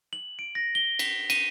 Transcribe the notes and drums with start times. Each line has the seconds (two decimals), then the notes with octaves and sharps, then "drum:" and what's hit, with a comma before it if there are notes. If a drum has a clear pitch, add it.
0.13 F#7
0.39 D7
0.55 A#6
0.75 G7
0.99 B6, drum: cymbal
1.30 D#7, drum: cymbal